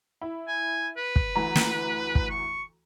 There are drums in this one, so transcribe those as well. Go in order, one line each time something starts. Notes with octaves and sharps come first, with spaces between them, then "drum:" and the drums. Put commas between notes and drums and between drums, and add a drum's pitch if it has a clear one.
E4
G#5
B4
drum: kick
D2 E3 A#5
drum: snare
drum: kick
C#6